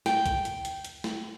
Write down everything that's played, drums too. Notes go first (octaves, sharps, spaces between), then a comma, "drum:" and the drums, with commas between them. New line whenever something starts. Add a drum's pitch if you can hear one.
G5, drum: snare
drum: kick C2, hi-hat
drum: hi-hat
drum: hi-hat
drum: hi-hat
drum: snare